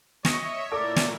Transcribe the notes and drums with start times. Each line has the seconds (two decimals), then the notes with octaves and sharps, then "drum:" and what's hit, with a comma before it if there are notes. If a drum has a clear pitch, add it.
0.25 C#5 D#5 E5 C#6 A#6 C#7, drum: snare
0.72 A#2 A3 E4 A4 A#4 D5 D6
0.96 drum: snare